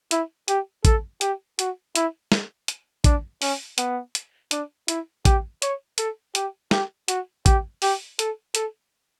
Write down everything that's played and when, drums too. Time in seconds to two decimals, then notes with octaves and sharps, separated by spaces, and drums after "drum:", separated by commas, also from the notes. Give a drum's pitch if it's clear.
0.11 E4, drum: hi-hat
0.48 G4, drum: hi-hat
0.85 A4, drum: kick A1, hi-hat
1.21 G4, drum: hi-hat
1.59 F#4, drum: hi-hat
1.95 E4, drum: hi-hat
2.32 drum: snare
2.68 drum: hi-hat
3.04 D4, drum: kick A1, hi-hat
3.42 C#4, drum: open hi-hat
3.78 B3, drum: hi-hat
4.15 drum: hi-hat
4.51 D4, drum: hi-hat
4.88 E4, drum: hi-hat
5.25 G4, drum: kick A1, hi-hat
5.62 C#5, drum: hi-hat
5.98 A4, drum: hi-hat
6.35 G4, drum: hi-hat
6.71 G4, drum: snare
7.08 F#4, drum: hi-hat
7.46 G4, drum: kick A1, hi-hat
7.82 G4, drum: open hi-hat
8.19 A4, drum: hi-hat
8.55 A4, drum: hi-hat